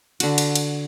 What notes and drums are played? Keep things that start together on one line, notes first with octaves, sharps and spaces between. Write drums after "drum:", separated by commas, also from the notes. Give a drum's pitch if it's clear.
D3 F#4, drum: cymbal
drum: cymbal
drum: cymbal